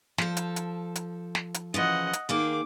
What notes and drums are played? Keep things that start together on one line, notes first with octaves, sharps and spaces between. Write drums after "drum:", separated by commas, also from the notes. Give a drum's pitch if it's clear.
F3 A4, drum: snare
drum: hi-hat
drum: hi-hat
drum: hi-hat
drum: snare
drum: hi-hat
C#3 E3 F3 D#5 F#5
drum: hi-hat
D#3 A#3 G#4 D6